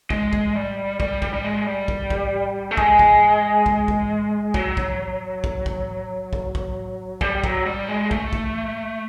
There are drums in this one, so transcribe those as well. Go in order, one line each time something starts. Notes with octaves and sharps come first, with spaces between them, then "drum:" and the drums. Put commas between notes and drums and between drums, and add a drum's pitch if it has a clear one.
G#3, drum: kick
drum: kick
G3
G3, drum: kick
G3, drum: kick
G3
G#3
G3
drum: kick
drum: kick
A3
G#3, drum: kick
drum: kick
drum: kick
drum: kick
F#3, drum: kick
drum: kick
drum: kick
drum: kick
drum: kick
drum: kick
G3, drum: kick
F#3, drum: kick
G3
G#3
A3, drum: kick
drum: kick